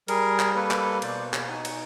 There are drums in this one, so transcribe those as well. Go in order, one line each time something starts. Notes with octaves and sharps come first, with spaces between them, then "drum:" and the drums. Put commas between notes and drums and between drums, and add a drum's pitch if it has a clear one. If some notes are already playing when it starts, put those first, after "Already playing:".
G3 G#4 A#4, drum: cymbal
drum: clap
A#3 A4 B4
drum: clap
B2 C5 D5, drum: cymbal
drum: clap
D#4 F#5 G#5
drum: cymbal